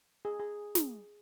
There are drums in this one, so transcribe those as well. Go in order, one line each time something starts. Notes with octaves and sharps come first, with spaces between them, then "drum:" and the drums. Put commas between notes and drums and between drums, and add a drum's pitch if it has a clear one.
G#4
G#4
drum: snare